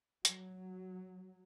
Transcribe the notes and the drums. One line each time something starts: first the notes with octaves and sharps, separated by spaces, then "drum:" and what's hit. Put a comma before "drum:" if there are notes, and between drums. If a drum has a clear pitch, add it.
F#3, drum: hi-hat